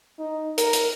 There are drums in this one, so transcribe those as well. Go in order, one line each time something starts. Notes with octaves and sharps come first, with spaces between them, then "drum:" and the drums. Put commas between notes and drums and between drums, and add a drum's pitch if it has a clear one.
D#4
A#4, drum: hi-hat
drum: hi-hat